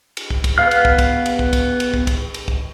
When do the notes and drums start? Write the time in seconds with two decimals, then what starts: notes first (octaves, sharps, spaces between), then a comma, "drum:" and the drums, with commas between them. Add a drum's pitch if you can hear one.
0.17 drum: cymbal
0.30 drum: kick
0.44 drum: kick, cymbal
0.58 B3 B4 F5 F6
0.71 drum: cymbal
0.85 drum: kick
0.98 drum: kick, cymbal
1.26 drum: cymbal
1.39 drum: kick
1.53 drum: kick, cymbal
1.80 drum: cymbal
1.94 drum: kick
2.07 drum: kick, cymbal
2.34 drum: cymbal
2.48 drum: kick